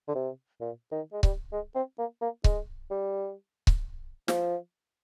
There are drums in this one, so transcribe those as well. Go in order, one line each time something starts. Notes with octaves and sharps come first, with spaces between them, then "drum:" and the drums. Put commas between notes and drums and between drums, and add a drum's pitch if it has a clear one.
D3
C3
A#2
D#3
G#3
G3, drum: kick C#1
G#3
C4
A#3
A#3
G#3, drum: kick C#1
G3
drum: kick C#1
F3, drum: snare